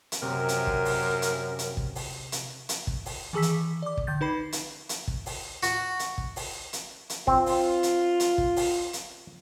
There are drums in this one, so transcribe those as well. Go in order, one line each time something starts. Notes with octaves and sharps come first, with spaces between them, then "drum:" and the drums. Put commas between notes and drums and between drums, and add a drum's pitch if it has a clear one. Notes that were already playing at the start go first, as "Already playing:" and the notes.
drum: hi-hat
F#2 C3 A#4
drum: hi-hat
drum: kick
drum: open hi-hat
drum: hi-hat
drum: hi-hat
drum: kick
drum: open hi-hat
drum: hi-hat
drum: hi-hat
drum: kick
drum: open hi-hat
D#3 E3 G#4 E6 B6
drum: hi-hat
D5 D6
drum: kick
D3 G6 A6
D#4 B4 B5 C7
drum: hi-hat
drum: hi-hat
drum: kick
drum: open hi-hat
F#4, drum: hi-hat
drum: hi-hat
drum: kick
drum: open hi-hat
drum: hi-hat
drum: hi-hat
C4 F4, drum: kick
drum: open hi-hat
drum: hi-hat
drum: hi-hat
drum: kick
drum: open hi-hat
drum: hi-hat